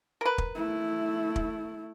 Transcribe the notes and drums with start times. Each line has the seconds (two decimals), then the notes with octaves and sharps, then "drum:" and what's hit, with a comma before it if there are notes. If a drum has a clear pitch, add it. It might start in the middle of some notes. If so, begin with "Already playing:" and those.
0.21 A#4 B4
0.38 drum: kick
0.55 A3 E4
1.36 drum: kick